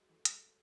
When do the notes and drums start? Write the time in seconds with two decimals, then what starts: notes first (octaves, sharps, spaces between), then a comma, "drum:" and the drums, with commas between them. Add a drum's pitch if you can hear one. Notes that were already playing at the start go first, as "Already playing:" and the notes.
Already playing: F#3 G#3
0.09 E3 A3
0.25 G#3, drum: hi-hat